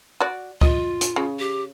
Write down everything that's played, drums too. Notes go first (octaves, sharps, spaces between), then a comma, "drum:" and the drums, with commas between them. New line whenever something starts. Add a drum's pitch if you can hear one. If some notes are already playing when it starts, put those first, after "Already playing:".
F#4 D5
F4 D#5, drum: kick C#2
drum: hi-hat
C#3
G4